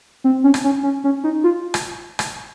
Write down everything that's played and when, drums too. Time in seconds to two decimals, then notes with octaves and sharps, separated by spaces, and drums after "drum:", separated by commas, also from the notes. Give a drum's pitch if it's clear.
0.24 C4
0.44 C#4
0.54 drum: rim click
0.64 C#4
0.83 C#4
1.04 C#4
1.24 D#4
1.44 F4
1.74 drum: rim click
2.19 drum: rim click